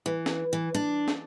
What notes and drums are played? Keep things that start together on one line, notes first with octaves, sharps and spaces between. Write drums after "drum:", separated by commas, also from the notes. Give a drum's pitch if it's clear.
E3
drum: snare
E3
D4
drum: snare